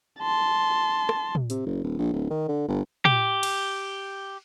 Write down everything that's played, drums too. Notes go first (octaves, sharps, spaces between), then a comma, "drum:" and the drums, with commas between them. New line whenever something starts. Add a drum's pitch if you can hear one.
A5 C6
drum: rim click
drum: tom
C3, drum: hi-hat
F#1
D#1
A#1
D1
D#3
D3
G1
G4, drum: tom
drum: cymbal